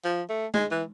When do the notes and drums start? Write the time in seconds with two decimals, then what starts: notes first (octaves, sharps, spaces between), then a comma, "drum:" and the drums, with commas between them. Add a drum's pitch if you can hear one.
0.05 F3
0.29 A3
0.54 G#3, drum: tom G#3
0.71 E3